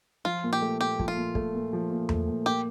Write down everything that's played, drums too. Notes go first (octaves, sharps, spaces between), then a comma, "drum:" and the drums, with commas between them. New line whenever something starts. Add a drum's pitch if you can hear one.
F3 F4
A#2
G4
A3
A#2 G4
F3, drum: kick
F4
A#2
A3, drum: kick
A#2
F3
A#2
A3, drum: tom E2
A#2
A#3 G4